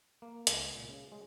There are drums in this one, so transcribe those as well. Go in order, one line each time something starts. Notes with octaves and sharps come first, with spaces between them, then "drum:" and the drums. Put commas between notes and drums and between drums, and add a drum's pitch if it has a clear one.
A#3
C#2, drum: hi-hat
A#2
C#3
G#3